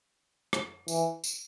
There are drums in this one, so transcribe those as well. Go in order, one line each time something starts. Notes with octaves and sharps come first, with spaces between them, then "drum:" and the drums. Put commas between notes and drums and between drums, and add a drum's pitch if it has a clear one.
drum: rim click
E3, drum: tambourine
drum: tambourine